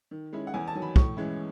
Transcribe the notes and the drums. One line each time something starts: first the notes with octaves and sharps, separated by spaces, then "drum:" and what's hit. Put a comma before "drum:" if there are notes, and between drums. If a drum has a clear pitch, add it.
D#3
G#3 C#4 E4
F#5
E2 G#5
A5
D#3 F#3
B5
A2 C#6, drum: kick
E3 G#3 C#4 E4